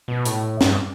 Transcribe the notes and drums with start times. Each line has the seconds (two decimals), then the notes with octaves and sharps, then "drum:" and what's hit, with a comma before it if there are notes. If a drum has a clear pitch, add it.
0.08 B2
0.25 A2, drum: hi-hat
0.61 G2, drum: snare